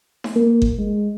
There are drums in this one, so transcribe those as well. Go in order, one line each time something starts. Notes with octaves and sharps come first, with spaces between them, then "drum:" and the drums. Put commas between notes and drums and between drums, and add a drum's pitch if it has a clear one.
drum: snare D#4
A#3
drum: kick G1
G#3